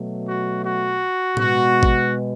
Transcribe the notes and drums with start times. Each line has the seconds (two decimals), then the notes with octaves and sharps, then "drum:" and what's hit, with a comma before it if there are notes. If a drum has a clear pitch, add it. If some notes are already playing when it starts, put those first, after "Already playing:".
Already playing: B2 F#3 A3
0.26 F#4
0.63 F#4
1.37 B2 G#3 F#4, drum: tom A2
1.83 drum: kick G#1